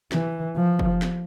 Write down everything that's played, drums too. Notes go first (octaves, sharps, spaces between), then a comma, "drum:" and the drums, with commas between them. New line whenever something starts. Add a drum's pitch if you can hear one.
E3, drum: snare
F3
drum: kick
drum: snare